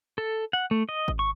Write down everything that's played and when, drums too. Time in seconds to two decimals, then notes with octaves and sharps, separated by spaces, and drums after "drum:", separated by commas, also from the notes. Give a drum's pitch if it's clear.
0.18 A4
0.53 F#5
0.71 A3
0.89 D#5
1.08 drum: kick G#1
1.19 C#6